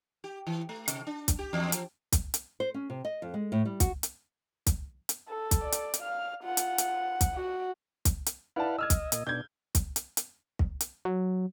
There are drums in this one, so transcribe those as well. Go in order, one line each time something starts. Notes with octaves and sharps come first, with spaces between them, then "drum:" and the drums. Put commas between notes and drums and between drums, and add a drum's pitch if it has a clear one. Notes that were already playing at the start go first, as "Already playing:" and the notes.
G4
E3
A3
C3, drum: hi-hat
D4
drum: kick, hi-hat
G4
E2
F3, drum: hi-hat
drum: kick, hi-hat
drum: hi-hat
C5
C#4
C3
D#5
F2
G#3
A2
G3
F#4, drum: kick, hi-hat
drum: hi-hat
drum: kick, hi-hat
drum: hi-hat
A4
drum: kick, hi-hat
D5
drum: hi-hat
drum: hi-hat
F5 F6
F4 F#5
drum: hi-hat
drum: hi-hat
drum: kick, hi-hat
F#4
drum: kick, hi-hat
drum: hi-hat
E4 B4 D5 F5 F#5 A5
D#5 E6 F6 G#6
drum: kick, hi-hat
A#2 D#5, drum: hi-hat
B2 D4 G6 G#6
drum: kick, hi-hat
drum: hi-hat
drum: hi-hat
drum: kick
drum: hi-hat
F#3